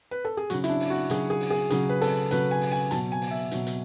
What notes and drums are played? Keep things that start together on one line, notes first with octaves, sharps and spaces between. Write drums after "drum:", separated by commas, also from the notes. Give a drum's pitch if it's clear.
B4
A4
G#4
C#3 F#3 F#4, drum: hi-hat
E4, drum: hi-hat
D4
drum: open hi-hat
F#4
C#3 F#3 G#4, drum: hi-hat
G#4
drum: open hi-hat
G#4
C#3 F#3 G#4, drum: hi-hat
B4
A4, drum: open hi-hat
C#3 F#3 B4, drum: hi-hat
G#5
drum: open hi-hat
G#5
B2 F#3 A5, drum: hi-hat
G#5
drum: open hi-hat
E5
B2 F#3, drum: hi-hat
drum: hi-hat